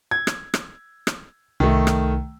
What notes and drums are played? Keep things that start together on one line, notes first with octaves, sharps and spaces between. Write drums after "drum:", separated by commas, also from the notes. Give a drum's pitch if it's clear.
G#6
drum: rim click
drum: rim click
drum: rim click
C2 D#3 A3
drum: rim click